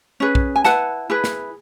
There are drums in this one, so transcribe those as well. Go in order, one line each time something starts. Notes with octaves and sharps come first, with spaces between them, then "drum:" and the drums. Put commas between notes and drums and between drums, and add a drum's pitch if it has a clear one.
C#4 G#4 B4
drum: kick
G#5
E4 B4 F#5 A5, drum: snare
E4 G#4 B4
drum: snare